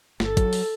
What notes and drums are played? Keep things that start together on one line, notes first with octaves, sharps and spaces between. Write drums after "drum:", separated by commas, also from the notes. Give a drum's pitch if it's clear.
G1 A4, drum: snare
F#3, drum: kick, hi-hat
drum: open hi-hat